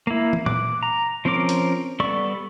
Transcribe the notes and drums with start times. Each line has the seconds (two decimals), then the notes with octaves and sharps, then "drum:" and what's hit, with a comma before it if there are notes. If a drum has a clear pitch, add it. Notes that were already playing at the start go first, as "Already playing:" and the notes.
0.07 A#3 E4
0.33 drum: tom
0.46 D6 F#6, drum: tom
0.83 A#5
1.25 F3 C4 C#4 A#4 D6
1.49 drum: hi-hat
2.00 G3 B3 A4 D5 C#6